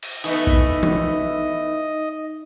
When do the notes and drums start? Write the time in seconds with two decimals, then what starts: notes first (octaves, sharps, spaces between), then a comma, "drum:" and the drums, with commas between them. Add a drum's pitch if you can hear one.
0.03 drum: cymbal
0.24 E3 A3 B3 D#4 D#5, drum: open hi-hat
0.47 drum: kick A#1
0.83 drum: tom E3